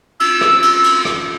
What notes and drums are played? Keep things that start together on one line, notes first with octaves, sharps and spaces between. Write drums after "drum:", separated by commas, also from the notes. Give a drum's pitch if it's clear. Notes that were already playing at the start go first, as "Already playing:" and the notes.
E6, drum: cymbal
drum: rim click
drum: cymbal
drum: cymbal
drum: rim click